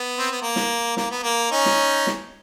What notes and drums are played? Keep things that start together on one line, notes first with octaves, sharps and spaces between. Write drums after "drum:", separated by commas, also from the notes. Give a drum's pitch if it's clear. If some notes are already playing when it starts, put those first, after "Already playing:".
Already playing: B3
C4
B3
A#3
drum: snare
A#3, drum: snare
B3
A#3
C#4 D#4
drum: snare
drum: snare